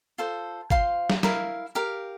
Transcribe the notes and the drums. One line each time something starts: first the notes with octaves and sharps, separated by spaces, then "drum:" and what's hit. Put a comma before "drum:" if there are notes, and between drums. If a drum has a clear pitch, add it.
F4 A4 C5
F4 C5 F5 C6, drum: kick
drum: snare
E4 A#4 F5, drum: snare
G4 A#4 F5